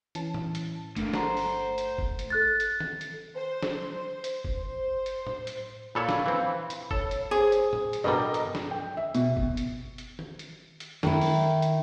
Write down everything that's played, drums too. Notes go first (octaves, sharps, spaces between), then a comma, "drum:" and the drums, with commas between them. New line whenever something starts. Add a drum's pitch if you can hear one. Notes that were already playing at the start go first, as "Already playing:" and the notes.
E3 C#4 A5, drum: hi-hat
drum: tom A2
drum: hi-hat
G1 D3 A3 A#3, drum: hi-hat
C5 F#5 A#5 C6, drum: snare
drum: open hi-hat
drum: hi-hat
drum: kick F#1
drum: hi-hat
A4 F#6 A6
drum: hi-hat
drum: tom D#3
drum: hi-hat
C5
drum: snare
C5
drum: hi-hat
drum: kick F#1
C5
drum: hi-hat
drum: tom A2
drum: hi-hat
A#2 A4 C#5 F5 B5
drum: snare
E3 C4
drum: hi-hat
A4 C#5, drum: kick F#1
drum: hi-hat
G#4 C5
drum: hi-hat
drum: tom A2
drum: hi-hat
G2 B2 G3 A4 A#4 D#5
drum: hi-hat
drum: snare
G5
E5
B2, drum: hi-hat
drum: kick F#1
drum: hi-hat
drum: hi-hat
drum: tom D#3
drum: hi-hat
drum: hi-hat
D#3 E4, drum: snare
drum: open hi-hat
drum: hi-hat